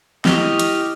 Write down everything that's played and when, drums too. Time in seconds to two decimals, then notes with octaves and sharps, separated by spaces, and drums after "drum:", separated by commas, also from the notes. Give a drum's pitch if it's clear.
0.25 E4 G4 D#5 C#6 F6, drum: snare
0.59 drum: hi-hat